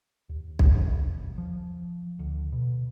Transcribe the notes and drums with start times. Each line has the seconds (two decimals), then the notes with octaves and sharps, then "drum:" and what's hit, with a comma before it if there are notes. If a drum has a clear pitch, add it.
0.29 D#2
0.59 drum: kick B1
0.96 E1
1.38 F3
2.19 D2
2.52 B2